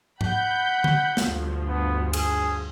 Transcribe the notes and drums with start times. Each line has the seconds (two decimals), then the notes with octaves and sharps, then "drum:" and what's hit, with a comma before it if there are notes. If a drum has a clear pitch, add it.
0.21 F#5 B5 G6, drum: tom G#2
0.84 drum: tom D3
1.17 D2 G2 F3, drum: snare
1.68 B3
2.13 G#4, drum: cymbal